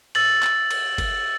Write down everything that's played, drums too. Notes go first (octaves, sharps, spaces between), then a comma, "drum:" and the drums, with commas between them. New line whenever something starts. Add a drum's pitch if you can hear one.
E6 A6 F#7, drum: cymbal
drum: clap
drum: cymbal
drum: kick F#1, cymbal